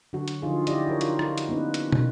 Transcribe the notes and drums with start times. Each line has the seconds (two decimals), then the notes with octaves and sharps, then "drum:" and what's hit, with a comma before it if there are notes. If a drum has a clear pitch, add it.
0.13 D3 F#3 F#4
0.28 drum: hi-hat
0.42 D3 F3 D#4 F4 G#4
0.67 E4 G4 D5 D#5, drum: hi-hat
0.88 F#4 A#4 C#5
1.01 D#4 F4 A#4, drum: hi-hat
1.19 drum: rim click
1.38 drum: hi-hat
1.48 A#3 B3 C#4 D#4 B4
1.74 drum: hi-hat
1.92 drum: tom